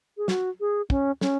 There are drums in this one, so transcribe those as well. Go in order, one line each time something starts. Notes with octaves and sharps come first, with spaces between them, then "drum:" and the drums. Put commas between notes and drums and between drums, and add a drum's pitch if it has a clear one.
G#4
F#4, drum: snare
G#4
C#4, drum: kick
C#4, drum: snare